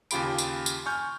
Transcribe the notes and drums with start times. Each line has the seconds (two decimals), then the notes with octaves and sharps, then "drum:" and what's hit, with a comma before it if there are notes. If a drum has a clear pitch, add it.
0.11 D#2 C#3 F4 G4 B5 D7, drum: tambourine
0.38 drum: tambourine
0.66 drum: tambourine
0.86 G#5 C#6 F6 G6